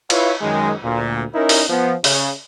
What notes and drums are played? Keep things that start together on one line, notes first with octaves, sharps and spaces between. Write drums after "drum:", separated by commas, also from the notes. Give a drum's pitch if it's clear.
E4 F4 B4 C#5 F5, drum: cymbal
F#2 D#3 G#3
D2 A#2
C#4 D#4 E4 A#4
drum: open hi-hat
F3 B3
C#3, drum: open hi-hat